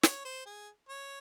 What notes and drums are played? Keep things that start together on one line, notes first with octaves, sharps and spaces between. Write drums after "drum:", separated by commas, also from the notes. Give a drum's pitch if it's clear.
C#5, drum: snare
C5
G#4
C#5